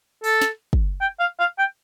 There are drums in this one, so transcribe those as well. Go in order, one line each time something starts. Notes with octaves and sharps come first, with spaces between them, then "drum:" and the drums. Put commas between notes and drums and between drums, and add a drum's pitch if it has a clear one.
A4, drum: open hi-hat
drum: snare
drum: kick
G5
F5
F5
G5